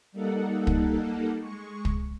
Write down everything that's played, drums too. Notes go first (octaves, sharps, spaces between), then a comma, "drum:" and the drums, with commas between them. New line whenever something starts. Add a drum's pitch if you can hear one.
G3 A#3 D#4 A4 F#5
drum: kick
G#3 C#6
drum: kick